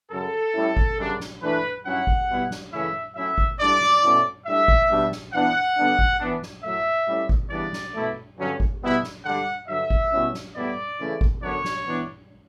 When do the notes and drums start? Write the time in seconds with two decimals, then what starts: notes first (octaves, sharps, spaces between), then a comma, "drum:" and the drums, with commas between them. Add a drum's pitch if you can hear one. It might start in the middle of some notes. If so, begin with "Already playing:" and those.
0.11 F#2 C#3 F#3 A4
0.54 A2 G3 C#4 E4
0.77 drum: kick G#1
0.99 F#2 C#3 G3 D4
1.20 drum: snare
1.42 E3 A3 D4 B4
1.85 G2 F#3 C#4 E4 F#5
2.07 drum: kick G#1
2.29 B2 G3 B3 E4
2.51 drum: snare
2.73 C#3 E3 A3 C#4 E4 E5
3.16 A2 F#3 C#4 E4 E5
3.38 drum: kick G#1
3.59 A2 G3 D4 D5
3.81 drum: snare
4.03 B2 A3 C#4 E4
4.46 A2 G3 D4 E5
4.68 drum: kick G#1
4.90 B2 G3 D4
5.12 drum: snare
5.33 E3 B3 D4 F#5
5.78 D3 G3 B3 D4
5.99 drum: kick G#1
6.20 E3 B3 D4
6.42 drum: snare
6.63 A2 F#3 A3 E5
7.07 A2 G3 C#4 E4
7.29 drum: kick G#1
7.51 C#3 E3 G3 B3 D4 D5
7.73 drum: snare
7.95 B2 A3 E4
8.38 G2 D3 F#3 C#4
8.60 drum: kick G#1
8.82 B2 G3 B3 E4
9.03 drum: snare
9.25 D3 G3 D4 F#5
9.68 G2 D3 F#3 E5
9.90 drum: kick G#1
10.12 B2 G3 C#4 E4
10.34 drum: snare
10.56 A2 G3 B3 E4 D5
10.99 C#3 E3 A3 C#4 E4
11.21 drum: kick G#1
11.42 F#2 D3 F#3 B3 D4 C#5
11.65 drum: snare
11.87 E3 B3 D4